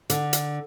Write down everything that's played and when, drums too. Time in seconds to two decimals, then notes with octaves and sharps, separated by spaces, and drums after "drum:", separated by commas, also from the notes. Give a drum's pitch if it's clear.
0.10 D3, drum: hi-hat
0.33 drum: hi-hat